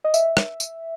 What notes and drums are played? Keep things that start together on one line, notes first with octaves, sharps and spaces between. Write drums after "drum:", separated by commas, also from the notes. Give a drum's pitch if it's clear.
D#5
E5, drum: tambourine
drum: rim click
drum: tambourine